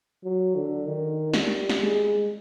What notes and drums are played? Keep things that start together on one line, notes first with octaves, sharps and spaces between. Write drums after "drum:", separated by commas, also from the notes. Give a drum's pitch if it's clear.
F#3
D3
D#3
G3, drum: snare
drum: snare
G#3